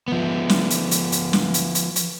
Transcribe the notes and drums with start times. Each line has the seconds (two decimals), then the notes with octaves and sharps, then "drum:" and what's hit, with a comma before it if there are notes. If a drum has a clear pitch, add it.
0.08 F3 B3
0.49 drum: snare
0.70 drum: hi-hat
0.91 drum: hi-hat
1.12 drum: hi-hat
1.33 drum: snare
1.54 drum: hi-hat
1.75 drum: hi-hat
1.96 drum: hi-hat